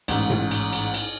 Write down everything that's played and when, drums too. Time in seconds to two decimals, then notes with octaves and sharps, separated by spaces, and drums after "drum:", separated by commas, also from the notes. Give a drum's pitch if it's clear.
0.08 A1 G#2, drum: cymbal
0.30 drum: tom A2
0.51 drum: cymbal
0.73 drum: cymbal
0.94 drum: cymbal